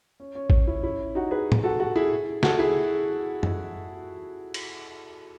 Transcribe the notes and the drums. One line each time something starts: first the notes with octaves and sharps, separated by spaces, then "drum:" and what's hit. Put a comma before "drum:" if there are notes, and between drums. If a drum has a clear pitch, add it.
C#4
C#4
drum: kick A1
C#4 E4
C#4 E4
D#4 F#4
G#4 B4
drum: tom
F#4 A4
F#4 A4
E4 G#4
F#4 A4, drum: snare
E4 G#4
drum: tom F#2
drum: cymbal